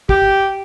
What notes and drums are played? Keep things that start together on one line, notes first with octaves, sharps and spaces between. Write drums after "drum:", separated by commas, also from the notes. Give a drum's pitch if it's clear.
G4, drum: kick